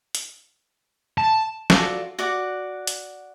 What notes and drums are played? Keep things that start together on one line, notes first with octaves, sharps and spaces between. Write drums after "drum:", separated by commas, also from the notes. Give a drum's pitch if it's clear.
drum: hi-hat
A5
F4 F#4 A4 D5, drum: snare
F#4 D5 F#5
drum: hi-hat